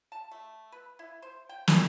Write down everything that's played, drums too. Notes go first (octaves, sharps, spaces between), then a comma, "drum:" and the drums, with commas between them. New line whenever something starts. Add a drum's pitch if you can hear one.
A5
A3
B4
E4
C5
G5
A3, drum: snare